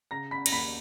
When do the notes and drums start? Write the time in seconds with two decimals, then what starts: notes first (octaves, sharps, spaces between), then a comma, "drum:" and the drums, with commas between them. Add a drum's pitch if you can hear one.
0.11 C#3 A#5 A#6
0.31 B5 B6
0.46 A#6, drum: cymbal
0.52 D#2 B5 B6